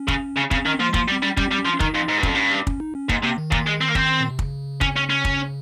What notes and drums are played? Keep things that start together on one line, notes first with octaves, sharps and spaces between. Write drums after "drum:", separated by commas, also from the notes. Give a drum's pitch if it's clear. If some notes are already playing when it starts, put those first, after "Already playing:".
Already playing: C#4
C#3, drum: kick
C#3
C#3 C4, drum: kick
D#3 C#4
C4
F3 A#3
G#3
F3 A#3, drum: kick
G3
C4
G3 C#4
G3 C#4, drum: kick
G3 C4
C#4
F3
C#4
D#3 D#4, drum: kick
F2
G#2
G2
F2 C#4, drum: kick
G2
C#4, drum: kick
D#4
C#4
G#2 A#3, drum: kick
C3 A#3
D#3
A#2, drum: kick
G#3
C4
A#3
C4, drum: kick
A#2
C3
C#3, drum: kick
C#4, drum: kick
C#4
C#4
drum: kick